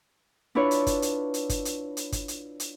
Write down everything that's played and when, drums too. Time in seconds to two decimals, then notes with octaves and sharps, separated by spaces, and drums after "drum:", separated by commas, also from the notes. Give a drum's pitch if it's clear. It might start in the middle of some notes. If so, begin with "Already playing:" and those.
0.55 D4 E4 F4 B4 C#5
0.71 drum: hi-hat
0.87 drum: kick G1, hi-hat
1.02 drum: hi-hat
1.34 drum: hi-hat
1.49 drum: kick G1, hi-hat
1.65 drum: hi-hat
1.97 drum: hi-hat
2.12 drum: kick G1, hi-hat
2.28 drum: hi-hat
2.60 drum: hi-hat